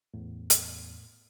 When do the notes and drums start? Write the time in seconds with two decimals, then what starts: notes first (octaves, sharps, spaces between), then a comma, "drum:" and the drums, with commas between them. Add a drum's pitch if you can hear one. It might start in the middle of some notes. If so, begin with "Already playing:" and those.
0.14 E2 A2
0.50 drum: hi-hat